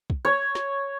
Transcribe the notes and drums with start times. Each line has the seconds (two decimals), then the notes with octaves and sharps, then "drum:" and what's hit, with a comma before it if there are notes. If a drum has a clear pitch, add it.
0.10 drum: kick
0.25 C#5
0.55 drum: snare